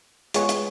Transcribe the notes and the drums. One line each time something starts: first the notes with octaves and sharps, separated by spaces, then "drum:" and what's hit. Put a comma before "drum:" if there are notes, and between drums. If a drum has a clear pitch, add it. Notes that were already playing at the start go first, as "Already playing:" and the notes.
G#3 B3 F4 G#4 C#5 G#5 C#6, drum: hi-hat
drum: hi-hat